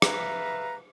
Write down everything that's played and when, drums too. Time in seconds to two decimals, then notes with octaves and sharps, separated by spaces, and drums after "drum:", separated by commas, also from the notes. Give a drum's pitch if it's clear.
0.02 B4 E5 F5 A#5, drum: rim click